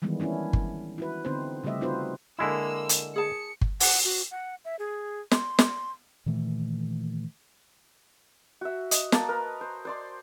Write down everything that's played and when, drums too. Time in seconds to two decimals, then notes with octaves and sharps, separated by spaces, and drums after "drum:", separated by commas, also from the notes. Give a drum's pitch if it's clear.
0.02 D#3 E3 G3 G#3 B3
0.20 B3 C#4 D4 E4
0.53 drum: kick G1
0.98 E4 F#4 B4
1.25 D3 B3 C4 D#4 C5
1.64 C#3 G3 A3 G4 D#5 E5
1.81 C4 D#4 F4 F#4 B4 C5
2.39 D3 G#3 A#3 E4 E6
2.89 drum: hi-hat
3.16 G#4 A5 C#7
3.61 drum: kick G1
3.80 F#5, drum: open hi-hat
4.05 F#4
4.31 F#5
4.65 E5
4.79 G#4
5.31 C6, drum: snare
5.59 drum: snare
6.26 A#2 D#3 E3 A3
8.61 F#4 E5
8.91 D#5, drum: hi-hat
9.12 A#3 A5, drum: snare
9.29 A#4 B4
9.61 C5
9.85 C5 D5 C6